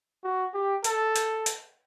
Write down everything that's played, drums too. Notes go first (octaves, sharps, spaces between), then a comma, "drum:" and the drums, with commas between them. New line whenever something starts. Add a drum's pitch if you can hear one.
F#4
G4
A4, drum: hi-hat
drum: hi-hat
drum: hi-hat